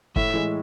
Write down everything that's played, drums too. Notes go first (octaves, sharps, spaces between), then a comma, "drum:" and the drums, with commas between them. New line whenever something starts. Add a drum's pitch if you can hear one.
A2 E5, drum: kick
E3 G#3